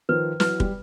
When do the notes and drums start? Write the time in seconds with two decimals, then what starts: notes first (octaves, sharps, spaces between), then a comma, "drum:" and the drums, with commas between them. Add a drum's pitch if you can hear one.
0.09 D#3 F3 B4
0.40 E3 F#3 B4, drum: snare
0.60 G3, drum: kick